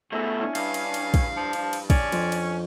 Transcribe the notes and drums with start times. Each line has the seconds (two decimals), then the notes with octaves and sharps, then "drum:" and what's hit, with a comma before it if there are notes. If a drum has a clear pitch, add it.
0.12 G#2 B2 A3 E5 A5
0.40 C#4 D4 E4
0.55 G2 F5, drum: cymbal
0.74 drum: cymbal
0.94 drum: cymbal
1.14 drum: kick, cymbal
1.37 F3
1.53 drum: cymbal
1.73 drum: cymbal
1.90 C#4 D4 D5, drum: kick, cymbal
2.12 F2, drum: cymbal
2.32 drum: cymbal